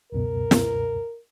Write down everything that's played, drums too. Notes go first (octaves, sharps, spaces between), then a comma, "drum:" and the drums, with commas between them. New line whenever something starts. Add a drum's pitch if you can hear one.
C#2 F#2 B2 A#4
drum: snare